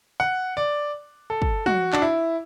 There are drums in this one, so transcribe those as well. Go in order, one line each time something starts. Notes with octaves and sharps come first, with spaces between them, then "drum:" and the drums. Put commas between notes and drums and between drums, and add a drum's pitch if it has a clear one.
F#5
D5
A4
drum: kick
F#4, drum: tom
D4, drum: clap
E4